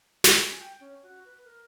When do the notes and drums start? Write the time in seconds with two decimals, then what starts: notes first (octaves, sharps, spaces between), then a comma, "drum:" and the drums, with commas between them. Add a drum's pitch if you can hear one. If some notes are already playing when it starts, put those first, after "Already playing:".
0.24 F4, drum: snare
0.39 G#5
0.59 G5
0.80 C#4
1.03 F#4
1.25 B4
1.44 A#4